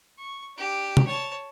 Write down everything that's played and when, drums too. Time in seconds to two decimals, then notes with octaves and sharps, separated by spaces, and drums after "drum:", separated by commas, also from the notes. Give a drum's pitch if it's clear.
0.18 C#6
0.57 D4 G4
0.97 drum: tom
1.07 C#5 A5